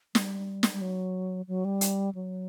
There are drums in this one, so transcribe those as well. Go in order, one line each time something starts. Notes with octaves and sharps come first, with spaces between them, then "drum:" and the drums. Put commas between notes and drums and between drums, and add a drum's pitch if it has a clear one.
G3, drum: snare
drum: snare
G3
F#3
F#3
G3
drum: hi-hat
F#3